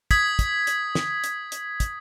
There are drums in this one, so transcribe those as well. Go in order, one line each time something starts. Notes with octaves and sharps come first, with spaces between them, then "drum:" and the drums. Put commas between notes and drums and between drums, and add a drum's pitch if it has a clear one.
D#6 G#6 B6, drum: kick, hi-hat
drum: kick, hi-hat
drum: hi-hat
drum: snare
drum: hi-hat
drum: hi-hat
drum: kick, hi-hat